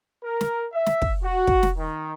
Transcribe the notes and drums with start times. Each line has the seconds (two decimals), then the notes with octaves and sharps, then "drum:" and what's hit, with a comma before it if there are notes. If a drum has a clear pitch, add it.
0.24 A#4
0.41 drum: snare
0.73 E5
0.86 drum: snare
1.02 drum: kick
1.23 F#4
1.47 drum: kick
1.63 drum: snare
1.78 D#3